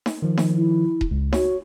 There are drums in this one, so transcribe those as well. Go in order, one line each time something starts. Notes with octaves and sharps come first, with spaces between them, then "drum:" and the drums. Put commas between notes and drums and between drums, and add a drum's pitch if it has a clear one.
drum: snare D#4
D#3 F3
drum: snare D#4
E4
drum: kick D#1
C#2
F#4 C#5, drum: snare D#4